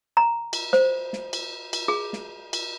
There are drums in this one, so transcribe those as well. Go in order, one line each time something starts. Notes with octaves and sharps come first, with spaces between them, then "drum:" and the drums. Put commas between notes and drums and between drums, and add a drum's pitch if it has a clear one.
A#5
drum: cymbal
C5, drum: snare
drum: snare
drum: cymbal
drum: cymbal
G#4
drum: snare
drum: cymbal